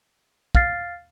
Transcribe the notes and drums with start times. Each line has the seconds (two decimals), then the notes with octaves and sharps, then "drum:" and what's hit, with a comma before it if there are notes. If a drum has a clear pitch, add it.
0.55 F5 F6 A6 C7, drum: kick